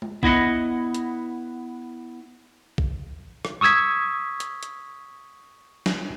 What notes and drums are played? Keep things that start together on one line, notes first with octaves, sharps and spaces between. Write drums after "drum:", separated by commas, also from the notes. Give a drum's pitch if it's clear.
drum: tom G#3
B3 E4 D#5 F#5, drum: kick A#1
drum: hi-hat
drum: kick A#1
drum: rim click
C#6 D#6 E6 G#6 B6
drum: hi-hat
drum: hi-hat
drum: snare